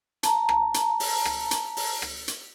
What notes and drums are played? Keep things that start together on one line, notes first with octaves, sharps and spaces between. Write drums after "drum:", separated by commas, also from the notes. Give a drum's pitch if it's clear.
A5 A#5, drum: hi-hat
drum: rim click
drum: hi-hat
drum: open hi-hat
drum: rim click
drum: hi-hat
drum: open hi-hat
drum: rim click
drum: hi-hat